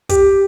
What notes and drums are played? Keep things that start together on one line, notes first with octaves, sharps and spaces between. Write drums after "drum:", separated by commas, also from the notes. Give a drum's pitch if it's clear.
G4, drum: kick, hi-hat